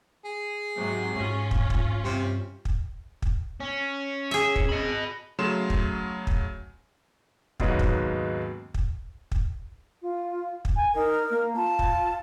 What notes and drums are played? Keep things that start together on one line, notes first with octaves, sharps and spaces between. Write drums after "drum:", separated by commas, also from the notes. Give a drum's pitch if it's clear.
G#4
G#2 C3 F#3
G#2 C#4 F4
drum: kick
drum: kick
G2 C3
drum: kick
drum: kick
C#4
G#4 E5
drum: kick
D#5 B5
C#3 F#3 A3 C6 E7
drum: kick
drum: kick
D#2 G#2 C#3 F#3 G#3 B3, drum: kick
drum: kick
drum: kick
drum: kick
F4
drum: kick
G#5
D#4 A#4
A#3
F4 A5
drum: kick